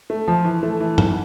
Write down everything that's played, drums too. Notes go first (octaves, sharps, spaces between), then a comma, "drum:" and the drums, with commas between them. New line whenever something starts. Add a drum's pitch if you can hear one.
A3
F3
E3
A3
E3
G#2, drum: tom G#2